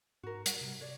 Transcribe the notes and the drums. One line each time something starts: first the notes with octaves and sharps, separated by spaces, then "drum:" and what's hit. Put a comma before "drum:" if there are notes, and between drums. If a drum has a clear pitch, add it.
G#2 F#4 A#4
G3 F#5, drum: hi-hat
C3
C#5 D5